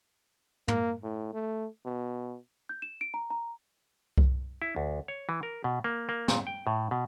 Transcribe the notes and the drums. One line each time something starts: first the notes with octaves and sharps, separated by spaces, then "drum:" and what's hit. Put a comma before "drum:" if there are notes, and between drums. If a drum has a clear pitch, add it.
A#3, drum: tom
A2
A3
B2
G6
E7
D7
A#5
A#5
drum: kick C2
E4
D2
C#5
E3
A#4
B2
A#3
A#3
A#2, drum: snare
G5
A2
B2